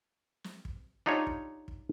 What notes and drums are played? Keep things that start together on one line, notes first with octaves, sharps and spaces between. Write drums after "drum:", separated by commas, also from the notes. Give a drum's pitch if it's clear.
drum: snare
drum: kick
D4 D#4 F4 G4 C#5
drum: kick
drum: kick